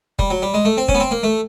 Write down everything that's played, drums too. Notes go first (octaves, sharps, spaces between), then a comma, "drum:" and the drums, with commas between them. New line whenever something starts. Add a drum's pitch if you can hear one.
G3, drum: kick F1
F#3
G3
G#3
A3
C4
C#4, drum: kick F1
B3
C4
A#3
A3